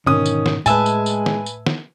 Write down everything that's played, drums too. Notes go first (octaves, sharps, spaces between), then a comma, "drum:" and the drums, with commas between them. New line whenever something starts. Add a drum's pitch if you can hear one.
G#2 B2 D3 D#3 C#4 D#6
drum: tambourine
drum: snare
A2 G#3 B4 E5 G#5 A5, drum: tambourine
drum: tambourine
drum: tambourine
drum: snare
drum: tambourine
drum: snare